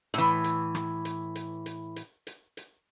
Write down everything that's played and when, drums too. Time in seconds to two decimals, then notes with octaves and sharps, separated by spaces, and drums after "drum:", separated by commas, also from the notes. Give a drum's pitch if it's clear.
0.14 A2 E3, drum: hi-hat
0.44 drum: hi-hat
0.75 drum: rim click
1.05 drum: hi-hat
1.35 drum: hi-hat
1.66 drum: hi-hat
1.96 drum: hi-hat
2.27 drum: hi-hat
2.57 drum: hi-hat